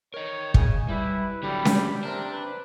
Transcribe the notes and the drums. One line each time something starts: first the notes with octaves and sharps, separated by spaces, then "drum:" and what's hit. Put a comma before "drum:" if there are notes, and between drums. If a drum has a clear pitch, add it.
A#4 C#5 D#5
C#3 G#5, drum: kick
G3 E4 B4
D3 F#3 G3 B5
drum: snare C#4
C3 D4 A#4
B4